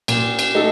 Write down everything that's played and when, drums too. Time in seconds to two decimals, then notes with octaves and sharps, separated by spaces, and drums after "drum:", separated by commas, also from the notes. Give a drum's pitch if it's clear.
0.08 A#2, drum: cymbal
0.39 drum: cymbal
0.54 A3 D#4 A4